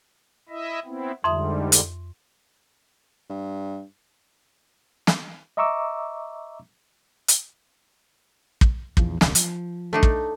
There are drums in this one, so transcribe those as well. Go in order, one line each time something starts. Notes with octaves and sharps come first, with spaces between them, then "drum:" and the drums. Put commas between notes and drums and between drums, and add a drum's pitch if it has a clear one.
E4 D#5 E5
B3 C4 E4
F2 G#2 D3 G3 E5 C6 D#6
drum: hi-hat
G2
drum: snare
D#5 E5 A#5 C#6 D6 E6
drum: hi-hat
drum: kick
A#1 E2 F3, drum: kick
D#1 C2 D3, drum: snare
F3, drum: hi-hat
A3 D4 D#4
drum: kick